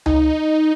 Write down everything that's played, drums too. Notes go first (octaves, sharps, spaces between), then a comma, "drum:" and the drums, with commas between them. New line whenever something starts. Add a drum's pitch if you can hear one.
D#4, drum: tom C#2